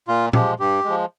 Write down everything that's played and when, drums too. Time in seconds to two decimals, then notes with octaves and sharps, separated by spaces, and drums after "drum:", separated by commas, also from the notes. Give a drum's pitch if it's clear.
0.08 A#2 F4
0.33 F3 G#3 G4, drum: tom
0.60 G2 G4
0.85 F3 G#3